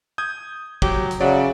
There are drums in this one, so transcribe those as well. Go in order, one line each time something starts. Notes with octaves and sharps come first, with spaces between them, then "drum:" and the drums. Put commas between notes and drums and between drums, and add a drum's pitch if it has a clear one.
D#6 G6 G#6
F#3 G4, drum: kick
drum: hi-hat
C#3 F#3 D5 E5